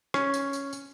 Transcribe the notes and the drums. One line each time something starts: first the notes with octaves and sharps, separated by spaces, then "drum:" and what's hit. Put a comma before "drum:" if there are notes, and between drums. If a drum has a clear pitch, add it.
C#4, drum: rim click
drum: tambourine
drum: tambourine
drum: tambourine